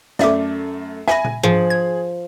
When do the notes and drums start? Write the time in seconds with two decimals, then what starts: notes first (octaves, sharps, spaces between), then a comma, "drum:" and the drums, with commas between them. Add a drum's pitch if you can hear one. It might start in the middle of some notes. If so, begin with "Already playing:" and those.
0.19 F#2 A3 D5 E5 D6, drum: snare
1.08 E5 G#5 B5 A#6, drum: snare
1.24 drum: tom
1.43 F3 G#4, drum: tom G#2
1.70 G#6